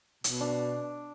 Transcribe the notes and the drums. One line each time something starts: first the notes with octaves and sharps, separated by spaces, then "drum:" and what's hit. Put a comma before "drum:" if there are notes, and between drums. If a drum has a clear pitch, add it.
B2, drum: hi-hat
D4